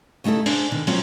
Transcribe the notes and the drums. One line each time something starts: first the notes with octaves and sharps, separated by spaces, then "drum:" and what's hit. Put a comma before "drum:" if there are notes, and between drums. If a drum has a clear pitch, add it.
C#3 A3 D#4 E4 A4
D4 G#4 C5, drum: open hi-hat
B2 D3 D#3
C#3 F3 F#3 C4 C#4, drum: open hi-hat